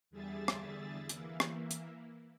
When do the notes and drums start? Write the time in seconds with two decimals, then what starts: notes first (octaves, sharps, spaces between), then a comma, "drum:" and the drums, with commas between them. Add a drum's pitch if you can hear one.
0.11 E2 D3 G3 G#4 E5 A6
0.48 drum: rim click
1.09 E3 A#3 E4, drum: hi-hat
1.40 drum: rim click
1.71 drum: hi-hat